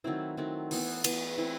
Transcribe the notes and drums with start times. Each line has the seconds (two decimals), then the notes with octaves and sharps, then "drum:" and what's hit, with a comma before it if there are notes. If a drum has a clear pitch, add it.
0.04 D#3 F#3 A3 C4 E4
0.37 D#3 F#3 A3 C4
0.71 E3 B3, drum: open hi-hat
1.04 E3 B3, drum: cymbal
1.37 E3 A3 C4 E4